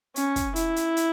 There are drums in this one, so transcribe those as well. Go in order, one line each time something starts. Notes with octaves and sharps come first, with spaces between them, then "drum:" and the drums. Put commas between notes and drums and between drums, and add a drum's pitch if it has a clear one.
C#4, drum: hi-hat
drum: kick, hi-hat
E4, drum: hi-hat
drum: hi-hat
drum: hi-hat